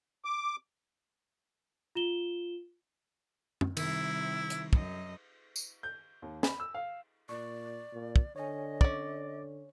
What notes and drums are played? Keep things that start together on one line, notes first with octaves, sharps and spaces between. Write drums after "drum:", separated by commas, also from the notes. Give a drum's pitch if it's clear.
D6
F4 E7 G7
drum: tom
C3 D#3 G3 E4, drum: cymbal
drum: hi-hat
F#2 D#5, drum: kick
drum: tambourine
G6
D#2
B5, drum: snare
E6
F5
A#2 D5 C#6
A#2
drum: kick
D3 C#5 D#5 G#5
C#4 D5 D6 A6, drum: kick